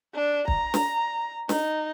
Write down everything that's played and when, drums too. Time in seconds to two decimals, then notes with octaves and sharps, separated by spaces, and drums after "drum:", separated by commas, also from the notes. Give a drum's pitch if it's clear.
0.15 D4
0.48 A#5, drum: kick
0.74 drum: snare
1.49 D#4, drum: snare